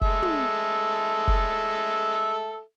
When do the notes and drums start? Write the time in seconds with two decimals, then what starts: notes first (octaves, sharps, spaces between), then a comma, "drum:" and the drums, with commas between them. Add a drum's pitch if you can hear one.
0.01 G#3 A4 E5, drum: kick
0.22 drum: tom
1.28 drum: kick